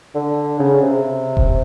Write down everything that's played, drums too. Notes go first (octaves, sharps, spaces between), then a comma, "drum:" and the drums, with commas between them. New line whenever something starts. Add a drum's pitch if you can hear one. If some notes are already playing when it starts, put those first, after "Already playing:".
D3
C#3
C3
drum: kick D#1